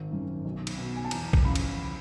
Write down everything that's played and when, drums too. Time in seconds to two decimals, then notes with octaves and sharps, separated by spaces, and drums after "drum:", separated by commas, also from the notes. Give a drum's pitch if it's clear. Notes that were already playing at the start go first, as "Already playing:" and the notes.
Already playing: G#1
0.11 F#2 D#3
0.45 B1
0.67 drum: cymbal
0.78 B2
0.96 G#5
1.05 A5
1.11 E2 A#5, drum: cymbal
1.33 drum: kick
1.45 C#3 F3 B5
1.55 drum: cymbal